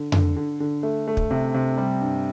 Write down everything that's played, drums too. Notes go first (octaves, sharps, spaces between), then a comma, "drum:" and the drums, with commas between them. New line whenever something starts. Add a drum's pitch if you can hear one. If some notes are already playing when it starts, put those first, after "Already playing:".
Already playing: D3
D3, drum: tom F2
D3
D3
A3
A3
drum: kick
C3
C3
G3
G2